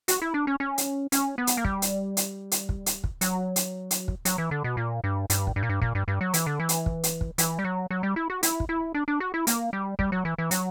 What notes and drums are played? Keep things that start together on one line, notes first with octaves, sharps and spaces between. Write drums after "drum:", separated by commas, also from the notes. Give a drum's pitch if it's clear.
F#4, drum: hi-hat
E4
D4
C#4
C#4
drum: hi-hat
C#4, drum: hi-hat
B3
drum: hi-hat
A#3
G3, drum: kick
drum: hi-hat
drum: hi-hat
drum: hi-hat
drum: kick
drum: hi-hat
drum: kick
F#3, drum: hi-hat
drum: hi-hat
drum: hi-hat
drum: kick
F#3, drum: hi-hat
E3
D3
B2
A#2
G2
G2, drum: hi-hat
drum: kick
G2
A#2
G2
A#2, drum: kick
G2
G2
F#3
E3, drum: hi-hat
D3
E3
drum: hi-hat
drum: kick
drum: hi-hat
drum: kick
E3, drum: hi-hat
G3
F#3
F#3
G3
E4
F#4
E4, drum: hi-hat
drum: kick
E4
D4
D4
F#4
E4
A#3, drum: hi-hat
G3
G3, drum: kick
F#3
E3
E3
F#3, drum: hi-hat